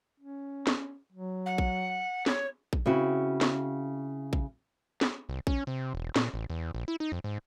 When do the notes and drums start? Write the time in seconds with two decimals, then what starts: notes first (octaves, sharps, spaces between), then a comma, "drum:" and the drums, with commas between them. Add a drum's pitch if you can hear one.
0.20 C#4
0.67 drum: snare
1.13 F#3
1.45 F#5
1.58 drum: kick
2.26 C#5, drum: snare
2.73 drum: kick
2.86 C#3 C4 E4 F#4
3.41 drum: snare
4.33 drum: kick
5.01 drum: snare
5.29 C2
5.47 C#4, drum: kick
5.67 C3
5.94 E1
6.16 A#2, drum: snare
6.34 A1
6.50 E2
6.75 A#1
6.88 E4
7.00 D#4
7.12 F2
7.24 G#2